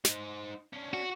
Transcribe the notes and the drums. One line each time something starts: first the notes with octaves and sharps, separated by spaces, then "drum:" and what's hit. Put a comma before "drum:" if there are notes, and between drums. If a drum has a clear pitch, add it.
D#4 C5, drum: snare
C#4 D4
F#4